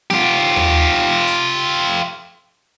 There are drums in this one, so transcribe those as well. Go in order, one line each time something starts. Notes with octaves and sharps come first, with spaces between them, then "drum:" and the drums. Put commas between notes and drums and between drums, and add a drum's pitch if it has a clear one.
F4 G4, drum: snare C4
drum: tom D#2
drum: hi-hat